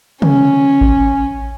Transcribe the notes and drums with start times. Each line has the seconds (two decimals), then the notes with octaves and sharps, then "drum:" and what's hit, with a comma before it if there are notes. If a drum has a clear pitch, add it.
0.22 C#4, drum: tom
0.81 drum: kick A1